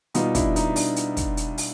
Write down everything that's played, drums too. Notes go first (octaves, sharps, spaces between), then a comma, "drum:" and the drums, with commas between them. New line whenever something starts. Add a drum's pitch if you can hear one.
B2 G3 B3 D#4 F4, drum: hi-hat
D4 E4, drum: kick, hi-hat
D#4, drum: hi-hat
D4, drum: open hi-hat
drum: hi-hat
drum: kick, hi-hat
drum: hi-hat
drum: open hi-hat